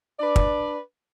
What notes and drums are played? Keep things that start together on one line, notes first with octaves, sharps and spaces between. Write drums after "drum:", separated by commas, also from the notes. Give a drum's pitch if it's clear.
D4 B4 D5
drum: kick